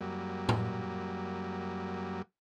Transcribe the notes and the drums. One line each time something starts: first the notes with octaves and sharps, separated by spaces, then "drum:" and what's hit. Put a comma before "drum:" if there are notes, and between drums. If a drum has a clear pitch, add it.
F#2 F#3 G3 A#3
drum: tom